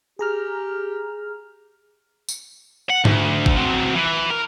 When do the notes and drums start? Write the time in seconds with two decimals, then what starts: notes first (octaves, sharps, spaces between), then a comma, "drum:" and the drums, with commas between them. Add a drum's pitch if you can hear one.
0.19 G4 G#4 A#5 F6
2.29 drum: tambourine
2.90 F#5
3.05 D2, drum: tom G#2
3.46 drum: kick G#1
3.56 F#3 C4
3.96 E3
4.30 A#4